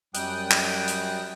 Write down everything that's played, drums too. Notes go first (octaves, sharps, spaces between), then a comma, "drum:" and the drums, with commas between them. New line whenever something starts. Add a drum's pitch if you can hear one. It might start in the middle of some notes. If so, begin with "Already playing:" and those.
F#2 G3 G5 D#6 F#6, drum: hi-hat
drum: clap
drum: hi-hat